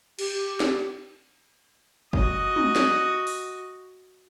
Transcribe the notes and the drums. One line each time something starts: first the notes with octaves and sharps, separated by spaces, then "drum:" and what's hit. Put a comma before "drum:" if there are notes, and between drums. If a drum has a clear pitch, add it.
G4, drum: cymbal
drum: snare
F#4 D#5, drum: kick G1
drum: tom
drum: snare
drum: open hi-hat